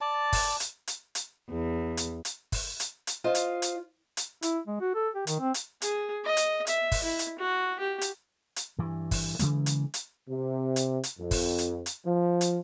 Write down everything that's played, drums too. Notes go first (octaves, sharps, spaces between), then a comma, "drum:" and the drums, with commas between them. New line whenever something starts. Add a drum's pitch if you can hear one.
D5 A5
drum: kick, open hi-hat
drum: hi-hat
drum: hi-hat
drum: hi-hat
E2
drum: hi-hat
drum: hi-hat
drum: kick, open hi-hat
drum: hi-hat
drum: hi-hat
F4 C5 D#5
drum: hi-hat
drum: hi-hat
drum: hi-hat
E4, drum: hi-hat
G#3
F#4
A4
G4
D#3, drum: hi-hat
C4
drum: hi-hat
G#4, drum: hi-hat
D#5
drum: hi-hat
E5, drum: hi-hat
drum: kick, open hi-hat
E4
drum: hi-hat
F#4
G4
drum: hi-hat
drum: hi-hat
G2 E3
drum: kick, open hi-hat
C#3 E3 G#3 A#3, drum: hi-hat
drum: hi-hat
drum: hi-hat
C3
drum: hi-hat
drum: hi-hat
F2
drum: kick, open hi-hat
drum: hi-hat
drum: hi-hat
F3
drum: hi-hat